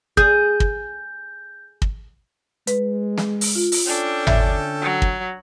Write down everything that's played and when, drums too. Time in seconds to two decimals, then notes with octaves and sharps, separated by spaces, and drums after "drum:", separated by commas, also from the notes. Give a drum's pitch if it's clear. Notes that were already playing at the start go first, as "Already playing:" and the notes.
0.17 G#4 G6, drum: kick
0.60 drum: kick
1.82 drum: kick
2.67 G#3 B4, drum: hi-hat
3.18 drum: snare
3.41 drum: open hi-hat
3.55 F4
3.72 drum: open hi-hat
3.87 C#4 D4 A4 G5
4.27 D3 E5, drum: tom G#1
4.82 F#3
5.02 drum: kick